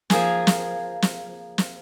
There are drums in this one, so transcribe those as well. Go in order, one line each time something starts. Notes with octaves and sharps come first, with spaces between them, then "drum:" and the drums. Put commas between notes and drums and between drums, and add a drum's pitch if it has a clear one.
F3 A#3 G#4 G#5, drum: snare
drum: snare
drum: snare
drum: snare